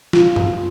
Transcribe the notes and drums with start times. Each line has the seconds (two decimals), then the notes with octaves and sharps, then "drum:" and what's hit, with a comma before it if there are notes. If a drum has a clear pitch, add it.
0.13 F4, drum: snare
0.36 drum: tom F#2